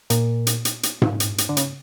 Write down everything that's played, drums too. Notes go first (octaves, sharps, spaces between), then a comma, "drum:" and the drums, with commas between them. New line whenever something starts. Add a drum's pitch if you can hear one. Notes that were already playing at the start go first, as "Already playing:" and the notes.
A#2, drum: hi-hat
drum: hi-hat
drum: hi-hat
drum: hi-hat
drum: tom G#2
drum: hi-hat
drum: hi-hat
D3
C#3, drum: hi-hat